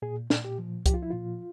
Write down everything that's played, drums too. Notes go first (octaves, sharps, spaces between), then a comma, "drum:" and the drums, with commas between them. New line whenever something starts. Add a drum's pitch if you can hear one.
A#2 G#4
A#2, drum: snare
G4
F3
F3 G4, drum: kick C2, hi-hat
F4
E4
A#2 F4